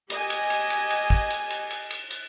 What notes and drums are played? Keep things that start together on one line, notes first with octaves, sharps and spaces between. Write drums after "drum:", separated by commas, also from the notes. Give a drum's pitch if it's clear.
G4 D#5 G#5, drum: cymbal
drum: cymbal
drum: cymbal
drum: cymbal
drum: cymbal
drum: kick
drum: cymbal
drum: cymbal
drum: cymbal
drum: cymbal
drum: cymbal